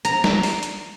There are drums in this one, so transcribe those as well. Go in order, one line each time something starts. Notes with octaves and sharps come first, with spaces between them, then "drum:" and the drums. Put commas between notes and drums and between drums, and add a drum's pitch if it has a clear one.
A#5, drum: hi-hat
drum: snare
drum: open hi-hat
drum: hi-hat